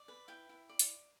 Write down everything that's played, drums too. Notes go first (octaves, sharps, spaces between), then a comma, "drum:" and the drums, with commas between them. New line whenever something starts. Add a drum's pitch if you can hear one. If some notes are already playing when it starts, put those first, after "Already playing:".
Already playing: D5
B4
E4 G5
E4
D5
drum: hi-hat